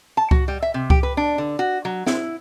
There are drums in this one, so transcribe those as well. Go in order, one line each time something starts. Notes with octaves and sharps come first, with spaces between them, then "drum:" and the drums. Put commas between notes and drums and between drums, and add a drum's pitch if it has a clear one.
A5
F#4, drum: kick C#2
G3
E5
C3
G4, drum: kick C#2
B4
D4
D3
F#4
F#3
E4, drum: snare